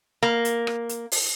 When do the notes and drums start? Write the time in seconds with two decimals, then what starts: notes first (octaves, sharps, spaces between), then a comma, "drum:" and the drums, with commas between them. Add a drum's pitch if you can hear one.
0.23 A#3
0.45 drum: hi-hat
0.67 drum: rim click
0.89 drum: hi-hat
1.12 drum: open hi-hat